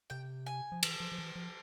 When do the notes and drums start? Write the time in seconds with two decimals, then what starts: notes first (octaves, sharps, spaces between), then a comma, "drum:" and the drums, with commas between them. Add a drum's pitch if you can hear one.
0.10 C3 G5
0.46 G#5
0.72 F3
0.83 E3, drum: cymbal
1.00 F3
1.12 F3
1.18 E3
1.36 F3